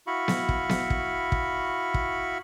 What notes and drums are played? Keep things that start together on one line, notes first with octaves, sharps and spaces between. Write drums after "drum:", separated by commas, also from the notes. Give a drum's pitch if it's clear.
E4 F#4 F5 B5 C#6
drum: snare B3
drum: kick
drum: snare B3
drum: kick
drum: kick
drum: kick